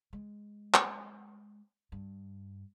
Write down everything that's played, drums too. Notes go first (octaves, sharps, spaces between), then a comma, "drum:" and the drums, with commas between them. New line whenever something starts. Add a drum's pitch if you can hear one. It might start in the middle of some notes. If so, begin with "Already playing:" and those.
G#3
drum: clap
G2